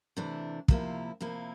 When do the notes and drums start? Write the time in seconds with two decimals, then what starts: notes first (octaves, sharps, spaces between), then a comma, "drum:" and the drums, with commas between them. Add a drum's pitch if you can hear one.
0.17 C3 E3 A3 D4
0.68 C3 F3 A#3 E4, drum: kick
1.21 C3 F3 A#3 E4